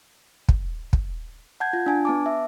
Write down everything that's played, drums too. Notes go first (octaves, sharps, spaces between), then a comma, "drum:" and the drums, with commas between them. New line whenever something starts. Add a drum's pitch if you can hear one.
drum: kick
drum: kick
F#5 A5 G6 G#6
F4
D4 G#5 A5
B3 A5 D6
E5